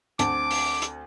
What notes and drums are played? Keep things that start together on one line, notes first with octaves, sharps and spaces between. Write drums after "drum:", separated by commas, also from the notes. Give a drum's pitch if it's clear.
D2 C4 A5 D6, drum: hi-hat
drum: open hi-hat
drum: hi-hat